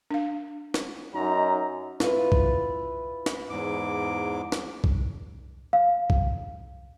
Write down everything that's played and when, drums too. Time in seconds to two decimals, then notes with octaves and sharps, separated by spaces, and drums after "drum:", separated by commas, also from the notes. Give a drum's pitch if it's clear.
0.11 D4 F5
0.74 drum: snare
1.14 F#2 D#4 A#5
2.00 E4 F4 B4, drum: snare
2.32 drum: kick B1
3.26 drum: snare
3.50 E2 G#2 D6
4.52 drum: snare
4.84 drum: kick B1
5.73 F5
6.10 drum: kick B1